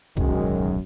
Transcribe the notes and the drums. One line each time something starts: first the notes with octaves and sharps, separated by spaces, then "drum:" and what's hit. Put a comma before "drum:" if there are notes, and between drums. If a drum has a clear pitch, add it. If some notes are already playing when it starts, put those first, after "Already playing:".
D1 B1 F#2 D#3 G#3, drum: kick C2